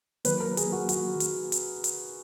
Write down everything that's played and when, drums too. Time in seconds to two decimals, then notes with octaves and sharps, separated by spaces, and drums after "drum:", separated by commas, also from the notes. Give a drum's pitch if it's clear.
0.25 D#3 F#3 A#3 B4, drum: hi-hat
0.40 A#4
0.57 G#4, drum: hi-hat
0.72 F#4
0.89 F#4, drum: hi-hat
1.20 drum: hi-hat
1.52 drum: hi-hat
1.84 drum: hi-hat